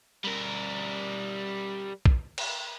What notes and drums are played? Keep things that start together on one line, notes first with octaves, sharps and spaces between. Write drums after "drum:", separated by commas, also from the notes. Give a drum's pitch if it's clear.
G3 A#4
drum: kick B1
drum: cymbal